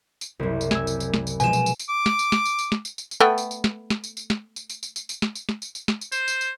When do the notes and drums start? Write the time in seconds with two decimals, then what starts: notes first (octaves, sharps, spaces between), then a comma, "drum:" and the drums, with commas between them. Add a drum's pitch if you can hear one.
0.21 drum: tambourine
0.39 F#1 C2
0.61 drum: tambourine
0.71 G#5 E6, drum: snare
0.87 drum: tambourine
1.00 drum: tambourine
1.14 drum: snare
1.27 drum: tambourine
1.40 B2 F3 G#3 G#5 E7, drum: tambourine
1.53 drum: tambourine
1.66 drum: tambourine
1.79 drum: tambourine
1.89 D6
2.06 drum: snare
2.19 drum: tambourine
2.32 drum: snare
2.45 drum: tambourine
2.59 drum: tambourine
2.72 drum: snare
2.85 drum: tambourine
2.98 drum: tambourine
3.11 drum: tambourine
3.20 A3 B3 G5
3.38 drum: tambourine
3.51 drum: tambourine
3.64 drum: snare
3.90 drum: snare
4.04 drum: tambourine
4.17 drum: tambourine
4.30 drum: snare
4.56 drum: tambourine
4.70 drum: tambourine
4.83 drum: tambourine
4.96 drum: tambourine
5.09 drum: tambourine
5.22 drum: snare
5.35 drum: tambourine
5.49 drum: snare
5.62 drum: tambourine
5.75 drum: tambourine
5.88 drum: snare
6.01 drum: tambourine
6.12 C5, drum: tambourine
6.28 drum: tambourine
6.41 drum: tambourine